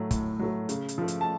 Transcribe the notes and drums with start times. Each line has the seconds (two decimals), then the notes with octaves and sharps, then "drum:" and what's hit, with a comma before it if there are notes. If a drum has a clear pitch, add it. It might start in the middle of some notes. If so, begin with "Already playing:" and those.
Already playing: A2 F#3 A3
0.11 A2, drum: kick, hi-hat
0.39 F#3 A3
0.69 C#3, drum: hi-hat
0.89 drum: hi-hat
0.98 F3 A3
1.08 drum: hi-hat
1.21 A5